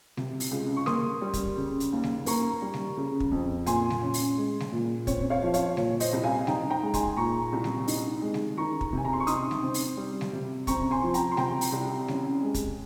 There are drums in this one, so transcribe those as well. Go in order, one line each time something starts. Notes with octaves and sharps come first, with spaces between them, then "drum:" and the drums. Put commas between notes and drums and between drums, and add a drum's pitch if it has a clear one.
C3, drum: snare G3
drum: open hi-hat
C#2
C#6
A#3 C6 D#6, drum: snare G3
G3
drum: kick, hi-hat
C#3
drum: hi-hat
D#2
drum: snare G3
A#3 A#5 C#6, drum: open hi-hat
G3
drum: snare G3
C#3
drum: kick
F2
A#2 G#5 C6, drum: hi-hat
drum: snare G3
C#4
drum: open hi-hat
G#3
drum: snare G3
A#2
C4 C#5, drum: kick, hi-hat
C#5 F5
F3
C#5 F5, drum: hi-hat
A#2 C#5, drum: snare G3
C5 D#5, drum: open hi-hat
C2
F5 G#5
D#4 G5 A#5, drum: snare G3
G5 A#5
G#3
G#5 C6, drum: kick, hi-hat
A#2 A#5 C#6
C2
drum: snare G3
D#4, drum: open hi-hat
G#3
drum: snare G3
D#3 A#5 C#6
drum: kick
C3 G#5
A#5
C6
C#6
D#4 C6 D#6, drum: hi-hat
drum: snare G3
C4
drum: open hi-hat
G3
drum: snare G3
C3
C4 A#5 C#6, drum: kick, hi-hat
G#5 C6
F3
G5 A#5, drum: hi-hat
C6
C3 G5 A#5, drum: snare G3
drum: open hi-hat
C2
C#4, drum: snare G3
G#3
drum: kick, hi-hat